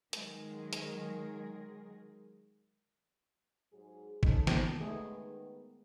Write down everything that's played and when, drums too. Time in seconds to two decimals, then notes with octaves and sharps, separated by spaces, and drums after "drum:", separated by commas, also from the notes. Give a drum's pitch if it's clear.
0.13 D#3 F#3 G#3 G#4 A#4, drum: hi-hat
0.73 drum: hi-hat
3.72 G#2 F#3 G#4
4.23 C#4 D#4 A4, drum: kick
4.47 drum: snare
4.81 D#3 G#3 A3 B3 G#4